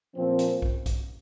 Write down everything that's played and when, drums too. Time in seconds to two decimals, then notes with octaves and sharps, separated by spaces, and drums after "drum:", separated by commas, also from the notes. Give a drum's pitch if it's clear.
0.15 A#2 F3 C4
0.39 drum: hi-hat
0.62 drum: kick B1
0.86 drum: kick B1, hi-hat